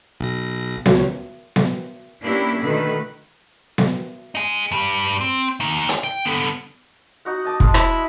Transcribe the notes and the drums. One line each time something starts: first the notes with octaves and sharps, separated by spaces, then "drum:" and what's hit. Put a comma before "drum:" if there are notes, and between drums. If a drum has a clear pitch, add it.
B1 A#6
C#2 F#4 C#5, drum: snare B3
drum: snare B3
A#3 B3 C#4 D4 E4 G4
B2 D3 D#3 A3 B4
drum: snare B3
D#4 G#4
G2 G3
C4
D#2 D#4
drum: hi-hat
G5
D3 B3
D#4 F#4 F#5
D#5 A5 D6
G#3, drum: kick
E4, drum: rim click